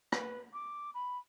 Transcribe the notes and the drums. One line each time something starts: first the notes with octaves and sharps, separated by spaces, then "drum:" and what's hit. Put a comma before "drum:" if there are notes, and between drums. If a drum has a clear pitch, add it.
B4, drum: rim click
D6
B5